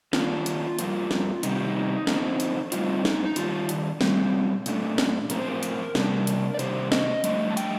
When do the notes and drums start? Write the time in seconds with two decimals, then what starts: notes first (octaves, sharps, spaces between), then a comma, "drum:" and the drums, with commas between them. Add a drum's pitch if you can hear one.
0.13 D#3 A#3 D4 F4, drum: snare
0.46 drum: hi-hat
0.79 G2 F3 A#3, drum: hi-hat
1.11 drum: snare
1.43 C3 D#3 G3 C4 D#4, drum: hi-hat
1.56 F4
1.67 D#4
2.07 D3 F3 C4 D#4, drum: snare
2.40 drum: hi-hat
2.72 A2 G3 C4 D#4 F4, drum: hi-hat
3.05 D#4, drum: snare
3.25 D#4
3.36 D#3 G3 D4 F4, drum: hi-hat
3.69 drum: hi-hat
4.01 A#2 G3 C4, drum: snare
4.66 A#2 A3 D4, drum: hi-hat
4.98 drum: snare
5.30 A2 F3 C4 A#4, drum: hi-hat
5.39 C5
5.48 A#4
5.63 drum: hi-hat
5.95 C3 G3 D4, drum: snare
6.27 drum: hi-hat
6.54 D5
6.59 C3 D#3 G3 D4 C5, drum: hi-hat
6.92 D#5, drum: snare
7.24 G2 F3 A3 D4 D#5, drum: hi-hat
7.51 A5
7.57 G5, drum: hi-hat